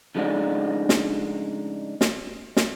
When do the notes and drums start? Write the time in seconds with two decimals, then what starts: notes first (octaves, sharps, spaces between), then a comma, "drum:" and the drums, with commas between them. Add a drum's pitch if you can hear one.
0.15 C#3 F3 G#3 A3 D4 D#4
0.89 drum: snare
2.01 drum: snare
2.57 drum: snare